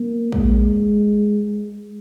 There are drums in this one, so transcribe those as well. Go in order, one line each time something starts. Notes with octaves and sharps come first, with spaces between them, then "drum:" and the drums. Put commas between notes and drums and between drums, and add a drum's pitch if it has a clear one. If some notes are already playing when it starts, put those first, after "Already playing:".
Already playing: A#3
G#3, drum: kick